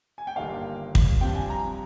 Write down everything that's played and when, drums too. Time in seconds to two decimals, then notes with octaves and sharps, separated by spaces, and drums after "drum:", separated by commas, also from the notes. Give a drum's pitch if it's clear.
0.18 G#5
0.27 G5
0.36 G1 G2 D#3 A#3 F5
0.95 drum: kick
1.21 G2 F3 C4 G5
1.35 G#5
1.50 A#5